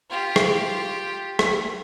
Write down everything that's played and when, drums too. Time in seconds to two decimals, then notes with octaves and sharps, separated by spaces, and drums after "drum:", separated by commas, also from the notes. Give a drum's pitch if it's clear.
0.10 F4 G4
0.36 drum: rim click
1.39 drum: rim click